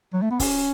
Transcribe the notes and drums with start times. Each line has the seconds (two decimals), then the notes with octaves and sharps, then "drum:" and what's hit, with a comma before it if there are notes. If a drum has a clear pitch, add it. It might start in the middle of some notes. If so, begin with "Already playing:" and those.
0.13 F#3
0.22 A3
0.31 B3
0.40 C#4, drum: kick C#1, open hi-hat